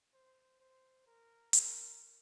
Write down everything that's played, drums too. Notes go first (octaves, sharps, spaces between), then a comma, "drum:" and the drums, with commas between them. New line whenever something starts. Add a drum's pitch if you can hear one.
C5
C5
A#4
A#4, drum: hi-hat